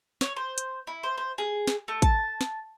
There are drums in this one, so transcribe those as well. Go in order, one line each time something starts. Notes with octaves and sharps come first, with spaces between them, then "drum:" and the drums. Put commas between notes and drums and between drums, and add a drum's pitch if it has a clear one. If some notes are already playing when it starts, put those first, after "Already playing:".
C#5, drum: snare
C5
drum: hi-hat
E4
C5
C5
G#4
drum: snare
A3
A5, drum: kick A1, hi-hat
drum: snare